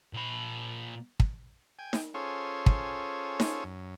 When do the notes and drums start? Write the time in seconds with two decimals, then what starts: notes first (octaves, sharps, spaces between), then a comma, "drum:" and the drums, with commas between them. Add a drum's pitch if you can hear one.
0.13 A#2 B5
1.20 drum: kick
1.79 G5 G#5
1.93 drum: snare D#4
2.14 C#4 F4 G#4 A4 C5 C#5
2.66 drum: kick
3.40 drum: snare D#4
3.64 F#2